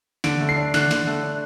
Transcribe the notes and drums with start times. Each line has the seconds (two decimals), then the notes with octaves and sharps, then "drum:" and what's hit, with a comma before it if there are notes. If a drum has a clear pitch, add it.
0.24 D3 D7, drum: snare
0.40 A3
0.49 C7
0.57 D4
0.74 D3 F#6, drum: snare
0.91 D3, drum: snare
1.07 A3
1.23 D4